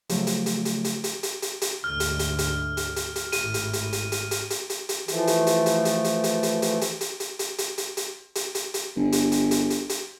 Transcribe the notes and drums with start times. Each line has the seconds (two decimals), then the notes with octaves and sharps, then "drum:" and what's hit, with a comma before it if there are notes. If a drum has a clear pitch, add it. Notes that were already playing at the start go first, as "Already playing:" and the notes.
0.09 C#3 F3 F#3 A3, drum: hi-hat
0.27 drum: hi-hat
0.46 drum: hi-hat
0.65 drum: hi-hat
0.84 drum: hi-hat
1.04 drum: hi-hat
1.23 drum: hi-hat
1.42 drum: hi-hat
1.61 drum: hi-hat
1.84 D2 G#2 D3 F6
2.00 drum: hi-hat
2.19 drum: hi-hat
2.39 drum: hi-hat
2.77 drum: hi-hat
2.96 drum: hi-hat
3.16 drum: hi-hat
3.32 G#1 A2 D#7, drum: hi-hat
3.54 drum: hi-hat
3.73 drum: hi-hat
3.93 drum: hi-hat
4.12 drum: hi-hat
4.31 drum: hi-hat
4.50 drum: hi-hat
4.70 drum: hi-hat
4.89 drum: hi-hat
5.08 E3 F3 A3, drum: hi-hat
5.27 drum: hi-hat
5.47 drum: hi-hat
5.66 drum: hi-hat
5.85 drum: hi-hat
6.04 drum: hi-hat
6.24 drum: hi-hat
6.43 drum: hi-hat
6.62 drum: hi-hat
6.81 drum: hi-hat
7.01 drum: hi-hat
7.20 drum: hi-hat
7.39 drum: hi-hat
7.58 drum: hi-hat
7.78 drum: hi-hat
7.97 drum: hi-hat
8.35 drum: hi-hat
8.55 drum: hi-hat
8.74 drum: hi-hat
8.96 G1
9.12 drum: hi-hat
9.32 drum: hi-hat
9.51 drum: hi-hat
9.70 drum: hi-hat
9.89 drum: hi-hat